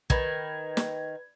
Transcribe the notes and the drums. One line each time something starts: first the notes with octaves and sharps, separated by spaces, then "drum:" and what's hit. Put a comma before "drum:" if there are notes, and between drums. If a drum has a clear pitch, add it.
D#3 B4 G#6, drum: kick
drum: snare